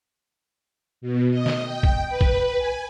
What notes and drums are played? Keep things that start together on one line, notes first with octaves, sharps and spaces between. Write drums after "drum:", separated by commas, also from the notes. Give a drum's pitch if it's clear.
B2
D#5
drum: snare
G5
drum: kick
B4
drum: kick
G#5